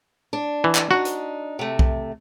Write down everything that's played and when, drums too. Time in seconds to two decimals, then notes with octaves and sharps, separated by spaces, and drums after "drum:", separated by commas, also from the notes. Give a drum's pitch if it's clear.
0.33 D4
0.64 E3
0.75 drum: clap
0.91 D4 D#4 F#4
1.05 drum: hi-hat
1.59 C3 A3
1.79 drum: kick B1